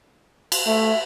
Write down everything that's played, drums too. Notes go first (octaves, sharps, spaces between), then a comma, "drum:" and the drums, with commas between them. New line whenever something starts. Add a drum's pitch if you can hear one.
drum: cymbal
A3 E5